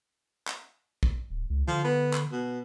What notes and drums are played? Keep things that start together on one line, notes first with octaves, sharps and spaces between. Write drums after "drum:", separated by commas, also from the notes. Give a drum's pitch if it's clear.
drum: clap
drum: kick
D1
C#2
D3 F3
B3
drum: clap
B2